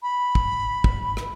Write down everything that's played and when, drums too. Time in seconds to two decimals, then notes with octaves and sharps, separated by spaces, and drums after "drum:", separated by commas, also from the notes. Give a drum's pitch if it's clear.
0.03 B5
0.35 drum: kick
0.84 drum: kick
1.17 drum: rim click